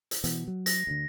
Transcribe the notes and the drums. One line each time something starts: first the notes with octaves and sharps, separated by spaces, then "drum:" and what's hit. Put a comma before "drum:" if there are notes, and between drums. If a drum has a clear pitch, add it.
drum: hi-hat
B2 E3 B3, drum: hi-hat
F#3
A#6, drum: hi-hat
D2 D3